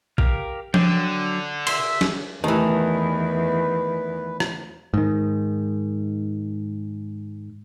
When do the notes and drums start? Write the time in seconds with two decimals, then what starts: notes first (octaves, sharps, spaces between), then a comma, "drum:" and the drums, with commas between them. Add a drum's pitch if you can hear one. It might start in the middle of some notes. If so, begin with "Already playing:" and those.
0.18 G4 A#4 F5, drum: kick
0.74 D3 F#3 D4 G5, drum: tom F3
1.67 E5 C6, drum: cymbal
2.01 drum: snare
2.44 E2 D#3 E3 A3 G4 B4
4.40 drum: rim click
4.94 G#2 D#3